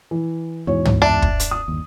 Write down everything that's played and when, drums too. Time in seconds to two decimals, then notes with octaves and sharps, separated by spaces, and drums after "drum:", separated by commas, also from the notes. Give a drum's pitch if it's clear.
0.11 E3
0.67 E2 G#2 B2 E3 C#5
0.85 drum: tom
1.02 D4 E5 A5
1.22 drum: kick
1.40 drum: hi-hat
1.51 D#6
1.68 G1 D#2